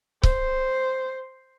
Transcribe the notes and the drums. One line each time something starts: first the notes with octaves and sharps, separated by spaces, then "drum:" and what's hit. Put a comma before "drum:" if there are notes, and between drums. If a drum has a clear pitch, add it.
C5, drum: kick C#1